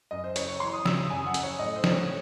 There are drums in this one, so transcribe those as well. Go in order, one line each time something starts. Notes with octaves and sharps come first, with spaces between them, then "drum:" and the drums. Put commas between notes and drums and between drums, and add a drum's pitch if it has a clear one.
F#2 D#5
C5
F#1 C#5, drum: hi-hat
C#5
E3 C6
D#6
C#3 E6, drum: snare
D#6
F#2 G#5
F#5
F#1, drum: hi-hat
C#5
A2 D#5
C5
C4, drum: snare
C#5